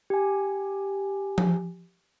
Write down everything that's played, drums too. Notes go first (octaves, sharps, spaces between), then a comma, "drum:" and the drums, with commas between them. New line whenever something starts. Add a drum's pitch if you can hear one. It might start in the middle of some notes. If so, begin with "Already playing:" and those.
G4 G#5
drum: tom F3